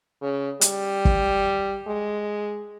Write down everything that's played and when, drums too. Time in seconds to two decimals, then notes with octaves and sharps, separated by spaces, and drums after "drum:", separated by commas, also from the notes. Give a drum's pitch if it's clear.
0.22 C#3
0.61 G3, drum: hi-hat
1.05 drum: kick
1.88 G#3